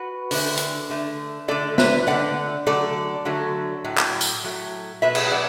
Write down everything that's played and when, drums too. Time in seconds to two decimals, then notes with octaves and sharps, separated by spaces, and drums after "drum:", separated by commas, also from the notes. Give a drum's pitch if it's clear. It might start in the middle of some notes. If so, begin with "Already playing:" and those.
Already playing: F#4 B4
0.31 D3 A3, drum: open hi-hat
0.57 drum: hi-hat
0.90 D3 A3
1.48 D3 A3 A4 D5
1.78 B4 E5, drum: snare
2.07 D3 A3 D5 F#5
2.66 D3 F#3 A3 A4 D5
3.25 D3 F#3 A3
3.84 A2 F#3
3.98 drum: clap
4.21 drum: tambourine
4.44 A2 F#3 A3
5.02 B2 F#3 A3 B4 E5
5.15 drum: cymbal
5.31 D5 F#5